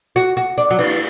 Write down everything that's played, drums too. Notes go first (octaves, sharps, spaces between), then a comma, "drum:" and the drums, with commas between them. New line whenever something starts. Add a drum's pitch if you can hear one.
F#4
F#4
D4
F#3
E3, drum: cymbal